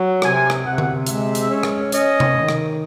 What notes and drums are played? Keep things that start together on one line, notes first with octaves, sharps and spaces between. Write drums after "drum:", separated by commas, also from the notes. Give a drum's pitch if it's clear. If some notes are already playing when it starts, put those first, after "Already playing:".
Already playing: F#3
C3 G#5, drum: rim click
drum: rim click
C3 F#5
drum: tom D3
G#3 E5, drum: hi-hat
drum: hi-hat
C#4
drum: rim click
C#4 D#5, drum: hi-hat
drum: tom C3
D#3
drum: rim click